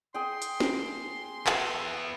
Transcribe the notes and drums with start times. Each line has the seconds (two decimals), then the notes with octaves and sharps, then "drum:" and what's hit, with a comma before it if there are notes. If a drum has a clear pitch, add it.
0.14 G#4 F#5 G5 C6
0.42 drum: hi-hat
0.60 drum: snare
1.47 B3 E4, drum: clap